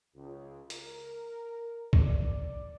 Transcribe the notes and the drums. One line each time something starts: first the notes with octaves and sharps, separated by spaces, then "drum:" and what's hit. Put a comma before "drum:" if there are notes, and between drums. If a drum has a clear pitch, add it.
C#2
A#4, drum: hi-hat
D5, drum: kick B1